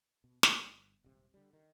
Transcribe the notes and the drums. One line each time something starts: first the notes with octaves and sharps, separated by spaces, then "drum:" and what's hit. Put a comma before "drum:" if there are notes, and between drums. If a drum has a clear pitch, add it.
B2
A#2 D3 E3, drum: snare
G1
D#1 G#1 C3
D3 G3
D#3